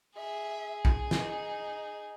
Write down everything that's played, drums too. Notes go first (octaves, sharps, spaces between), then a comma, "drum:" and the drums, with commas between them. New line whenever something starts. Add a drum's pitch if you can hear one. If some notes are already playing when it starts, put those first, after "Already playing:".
G#4 E5
drum: kick
D#4, drum: snare